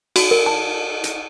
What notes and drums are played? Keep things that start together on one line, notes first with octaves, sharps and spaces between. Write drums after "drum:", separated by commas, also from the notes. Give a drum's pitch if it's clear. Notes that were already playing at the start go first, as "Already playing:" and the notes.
F#4, drum: cymbal
A#4
A5
drum: hi-hat